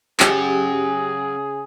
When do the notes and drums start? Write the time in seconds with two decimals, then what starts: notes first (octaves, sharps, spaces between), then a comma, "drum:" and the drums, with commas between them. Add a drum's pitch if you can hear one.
0.20 C#3 C#4 G4 G#4 F#5, drum: clap